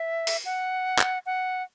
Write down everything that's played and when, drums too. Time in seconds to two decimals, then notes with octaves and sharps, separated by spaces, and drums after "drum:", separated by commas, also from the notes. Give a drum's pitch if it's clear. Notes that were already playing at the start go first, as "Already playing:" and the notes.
Already playing: E5
0.27 drum: open hi-hat
0.45 F#5
0.99 drum: clap
1.26 F#5